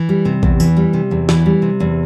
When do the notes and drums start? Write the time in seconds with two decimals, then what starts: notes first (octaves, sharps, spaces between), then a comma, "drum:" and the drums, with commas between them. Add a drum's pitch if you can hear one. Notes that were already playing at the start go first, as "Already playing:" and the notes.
Already playing: E3
0.09 G3
0.25 C3
0.43 E2, drum: kick
0.60 E3, drum: tambourine
0.77 G3
0.93 C3
1.11 E2
1.29 E3, drum: snare
1.46 G3
1.62 C3
1.80 E2